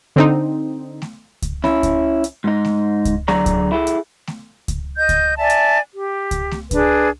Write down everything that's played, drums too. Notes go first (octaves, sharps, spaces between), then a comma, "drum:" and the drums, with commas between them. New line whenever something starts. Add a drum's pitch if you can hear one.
D3 C4 D#4
drum: snare A3
drum: kick C#2, hi-hat
C#4 E4, drum: snare A3
drum: kick C#2, hi-hat
drum: hi-hat
G#2 D#4
drum: snare A3
drum: kick C#2, hi-hat
D3 F#3 G#4 D5 A#5, drum: snare A3
drum: kick C#2, hi-hat
E4 G#4 A4
drum: hi-hat
drum: snare A3
drum: kick C#2, hi-hat
D#5 G6
drum: kick C#2, hi-hat
D5 E5 G#5 A5
drum: hi-hat
G4
drum: kick C#2, hi-hat
drum: snare A3
D4 G#4 B4, drum: kick C#2, hi-hat